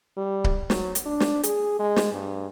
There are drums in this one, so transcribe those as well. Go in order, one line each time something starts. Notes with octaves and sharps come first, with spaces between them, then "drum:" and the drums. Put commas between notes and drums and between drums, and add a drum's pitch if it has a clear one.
G3
drum: kick C#1
F#3, drum: snare
drum: hi-hat
D4
drum: snare
G#4, drum: hi-hat
G#3
drum: snare
G2